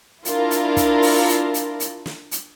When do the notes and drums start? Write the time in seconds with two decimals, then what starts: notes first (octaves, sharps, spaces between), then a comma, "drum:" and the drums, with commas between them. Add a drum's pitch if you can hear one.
0.25 D4 E4 F4 A#4, drum: hi-hat
0.51 drum: hi-hat
0.77 drum: kick, hi-hat
1.02 drum: open hi-hat
1.28 drum: hi-hat
1.54 drum: hi-hat
1.80 drum: hi-hat
2.06 drum: snare
2.31 drum: hi-hat